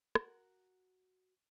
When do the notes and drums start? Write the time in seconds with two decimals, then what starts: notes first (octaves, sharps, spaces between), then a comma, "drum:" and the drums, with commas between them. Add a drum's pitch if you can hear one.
0.15 F#4 A#4, drum: rim click